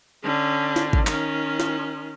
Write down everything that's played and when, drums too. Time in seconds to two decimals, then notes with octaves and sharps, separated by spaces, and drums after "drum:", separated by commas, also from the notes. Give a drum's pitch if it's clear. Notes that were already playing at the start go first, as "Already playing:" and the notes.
0.23 D3 C#4
0.76 drum: snare
0.93 drum: kick
1.07 D#3 C#4, drum: clap
1.60 drum: snare